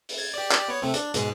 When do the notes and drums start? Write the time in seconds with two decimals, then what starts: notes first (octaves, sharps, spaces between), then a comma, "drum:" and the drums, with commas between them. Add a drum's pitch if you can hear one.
0.09 drum: open hi-hat
0.18 G#6 A6
0.34 G4 D5
0.51 drum: clap
0.68 B3 C#5
0.82 C3 A3 C4
0.94 D4, drum: hi-hat
1.14 G#2 B2 G#3, drum: hi-hat